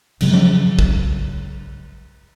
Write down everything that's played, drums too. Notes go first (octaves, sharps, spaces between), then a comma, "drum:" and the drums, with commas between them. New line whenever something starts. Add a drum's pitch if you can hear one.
G2 C#3 F#3 G#3, drum: cymbal
drum: tom F3
drum: kick